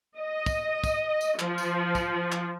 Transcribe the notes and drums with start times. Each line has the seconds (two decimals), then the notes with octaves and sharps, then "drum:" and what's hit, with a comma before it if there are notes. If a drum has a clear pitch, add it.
0.18 D#5
0.46 drum: kick, tambourine
0.84 drum: kick, tambourine
1.21 drum: tambourine
1.39 F3, drum: clap
1.58 drum: tambourine
1.95 drum: kick, tambourine
2.32 drum: clap